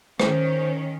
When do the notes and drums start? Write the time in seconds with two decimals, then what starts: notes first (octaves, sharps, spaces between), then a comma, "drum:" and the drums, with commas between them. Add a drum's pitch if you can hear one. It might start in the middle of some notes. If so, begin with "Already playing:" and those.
0.20 D#3 C#4 C5, drum: rim click